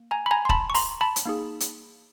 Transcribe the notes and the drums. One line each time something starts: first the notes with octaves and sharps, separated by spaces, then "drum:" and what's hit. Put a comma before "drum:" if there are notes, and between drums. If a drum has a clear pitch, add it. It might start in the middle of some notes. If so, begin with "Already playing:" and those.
Already playing: A#3
G#5 A#5
B5
G#5 A#5
C6
A5 B5, drum: kick
C#6
A#5 C6, drum: open hi-hat
A5 B5
drum: hi-hat
A#3 D#4 G#4
drum: hi-hat